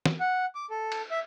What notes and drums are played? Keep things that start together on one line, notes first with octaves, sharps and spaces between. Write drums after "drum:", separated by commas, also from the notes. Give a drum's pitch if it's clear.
drum: snare
F#5
D6
A4
drum: cymbal
E5